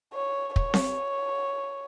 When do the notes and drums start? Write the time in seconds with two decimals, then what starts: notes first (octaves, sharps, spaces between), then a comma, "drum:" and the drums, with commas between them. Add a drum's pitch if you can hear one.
0.14 C#5
0.56 C#5, drum: kick
0.74 drum: snare C4